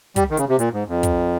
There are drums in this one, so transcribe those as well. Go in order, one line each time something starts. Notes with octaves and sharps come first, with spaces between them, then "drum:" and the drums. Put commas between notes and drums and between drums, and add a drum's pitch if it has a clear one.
G3, drum: kick, hi-hat
D#3
C#3, drum: hi-hat
C3
A#2, drum: hi-hat
G#2
F2
drum: kick, hi-hat